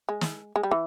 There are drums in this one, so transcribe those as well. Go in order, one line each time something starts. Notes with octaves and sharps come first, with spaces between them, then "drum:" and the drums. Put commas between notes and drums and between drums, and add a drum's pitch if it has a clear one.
G#3
drum: snare
G#3
G3
E3